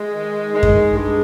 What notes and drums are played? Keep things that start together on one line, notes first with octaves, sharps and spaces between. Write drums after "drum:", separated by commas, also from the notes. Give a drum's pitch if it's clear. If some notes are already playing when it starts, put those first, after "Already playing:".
Already playing: G#3
D#3
D#3 G#3
drum: kick F#2
G2 G#3